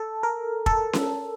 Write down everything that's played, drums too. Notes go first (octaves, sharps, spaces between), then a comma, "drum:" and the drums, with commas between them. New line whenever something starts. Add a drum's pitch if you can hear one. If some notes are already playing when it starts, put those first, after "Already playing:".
Already playing: A4
A#4
A4, drum: kick
drum: snare C#4